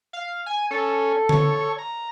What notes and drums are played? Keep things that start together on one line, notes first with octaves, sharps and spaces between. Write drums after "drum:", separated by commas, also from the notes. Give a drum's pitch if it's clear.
F5
G#5
C#4 A4
C#5, drum: tom D3
A#5